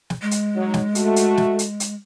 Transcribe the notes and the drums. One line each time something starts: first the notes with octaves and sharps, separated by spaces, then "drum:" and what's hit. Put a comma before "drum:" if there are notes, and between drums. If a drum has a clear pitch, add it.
drum: snare
G#3
drum: hi-hat
F#3 D#4
drum: snare
A3 F#4, drum: hi-hat
drum: hi-hat
drum: snare
drum: hi-hat
drum: hi-hat